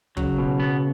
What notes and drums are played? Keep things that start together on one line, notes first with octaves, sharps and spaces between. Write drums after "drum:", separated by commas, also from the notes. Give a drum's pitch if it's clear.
C#3 F#3, drum: kick
B2
B3